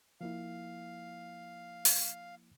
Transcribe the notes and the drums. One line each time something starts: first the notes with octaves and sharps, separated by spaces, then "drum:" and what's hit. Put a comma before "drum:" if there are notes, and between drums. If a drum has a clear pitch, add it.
F3 A#3 E4 F5
drum: open hi-hat